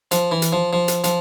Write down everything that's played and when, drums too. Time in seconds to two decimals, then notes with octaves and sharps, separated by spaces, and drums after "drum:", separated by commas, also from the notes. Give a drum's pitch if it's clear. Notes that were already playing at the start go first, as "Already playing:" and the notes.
0.11 F3, drum: hi-hat
0.32 E3
0.42 drum: hi-hat
0.53 F3
0.73 F3
0.88 drum: hi-hat
1.04 F3, drum: hi-hat